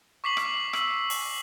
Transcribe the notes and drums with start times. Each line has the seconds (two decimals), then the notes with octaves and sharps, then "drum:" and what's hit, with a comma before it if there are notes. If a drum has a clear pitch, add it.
0.24 C#6 D6 B6 C7 F#7
0.37 drum: rim click
0.73 E6 F#7, drum: rim click
1.10 drum: open hi-hat